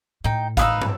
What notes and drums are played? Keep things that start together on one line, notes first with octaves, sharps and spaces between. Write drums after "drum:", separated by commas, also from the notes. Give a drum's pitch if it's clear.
A2 D#4 G5
D#4 E4 B4 F5 D#6 E6, drum: kick G#1, hi-hat
drum: tom